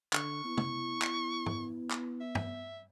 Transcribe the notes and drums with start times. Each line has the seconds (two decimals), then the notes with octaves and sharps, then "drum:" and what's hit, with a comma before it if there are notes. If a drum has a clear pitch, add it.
0.13 D3 C#6, drum: clap
0.44 B3 E4
0.57 drum: tom
1.02 drum: clap
1.46 drum: tom
1.91 drum: clap
2.20 E5
2.35 drum: tom